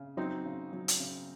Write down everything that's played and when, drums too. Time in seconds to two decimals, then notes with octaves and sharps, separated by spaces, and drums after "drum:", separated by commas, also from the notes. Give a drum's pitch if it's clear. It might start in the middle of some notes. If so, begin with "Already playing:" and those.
Already playing: C#3
0.17 F#3 C4 D#4
0.45 C#3
0.73 F#3
0.88 drum: hi-hat
1.00 C#3